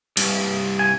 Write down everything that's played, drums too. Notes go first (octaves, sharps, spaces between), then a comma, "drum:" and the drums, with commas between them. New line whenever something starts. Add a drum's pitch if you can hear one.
C2 G2, drum: cymbal
G#5